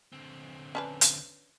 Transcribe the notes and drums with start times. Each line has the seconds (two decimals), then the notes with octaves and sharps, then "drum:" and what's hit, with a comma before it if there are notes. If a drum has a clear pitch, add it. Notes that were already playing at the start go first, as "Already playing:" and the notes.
0.12 D3 C4
0.75 C#4 D4 B4
1.01 drum: hi-hat